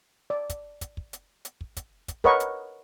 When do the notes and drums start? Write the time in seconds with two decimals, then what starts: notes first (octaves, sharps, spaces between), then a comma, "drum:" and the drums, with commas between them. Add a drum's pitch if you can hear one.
0.30 D5
0.50 drum: kick, hi-hat
0.81 drum: kick, hi-hat
0.97 drum: kick
1.13 drum: hi-hat
1.45 drum: hi-hat
1.61 drum: kick
1.77 drum: kick, hi-hat
2.08 drum: kick, hi-hat
2.24 A#4 B4 C#5 D#5 F#5 C#6, drum: kick
2.40 drum: hi-hat